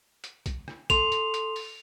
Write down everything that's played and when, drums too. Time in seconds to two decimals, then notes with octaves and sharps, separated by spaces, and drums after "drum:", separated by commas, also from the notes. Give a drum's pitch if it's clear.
0.24 drum: hi-hat
0.46 drum: kick, hi-hat
0.68 drum: rim click
0.90 A4 C6 F7, drum: kick, hi-hat
1.12 drum: hi-hat
1.34 drum: hi-hat
1.56 drum: open hi-hat